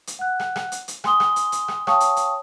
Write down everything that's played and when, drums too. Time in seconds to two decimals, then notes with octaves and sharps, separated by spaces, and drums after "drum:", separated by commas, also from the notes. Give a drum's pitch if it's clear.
0.07 drum: hi-hat
0.19 F#5 F#6
0.40 drum: rim click
0.56 drum: rim click
0.72 drum: hi-hat
0.88 drum: hi-hat
1.04 G#5 C6 D#6 G7, drum: rim click
1.20 drum: rim click
1.36 drum: hi-hat
1.52 drum: hi-hat
1.68 drum: rim click
1.87 C#5 F5 G5 A5 C#6 D#6, drum: rim click
2.00 drum: hi-hat
2.16 drum: hi-hat